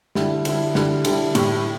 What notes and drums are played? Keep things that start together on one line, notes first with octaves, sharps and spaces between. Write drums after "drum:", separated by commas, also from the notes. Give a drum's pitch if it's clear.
D3 G3 E4, drum: snare
D3 G3 E4, drum: cymbal
D3 G3 E4, drum: snare
D3 G3 E4, drum: cymbal
A2 G3 E4 G4, drum: cymbal